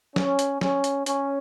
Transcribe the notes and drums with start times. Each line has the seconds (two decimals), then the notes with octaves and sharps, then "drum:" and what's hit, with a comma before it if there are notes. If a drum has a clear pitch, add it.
0.16 C#4, drum: snare
0.39 drum: hi-hat
0.61 C#4, drum: snare
0.84 drum: hi-hat
1.06 C#4, drum: hi-hat